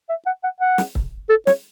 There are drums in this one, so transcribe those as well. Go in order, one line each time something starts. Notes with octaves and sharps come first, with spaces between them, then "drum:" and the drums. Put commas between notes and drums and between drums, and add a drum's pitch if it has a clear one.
E5
F#5
F#5
F#5
drum: snare
drum: kick
A4
C#5, drum: snare